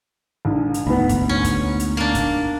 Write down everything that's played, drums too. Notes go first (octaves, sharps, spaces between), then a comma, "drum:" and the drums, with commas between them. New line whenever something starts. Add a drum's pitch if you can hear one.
A#1 G#2
drum: hi-hat
D2 G#2 B3 B5
drum: kick, hi-hat
C#4
drum: kick, hi-hat
drum: hi-hat
A#3 D4
drum: kick, hi-hat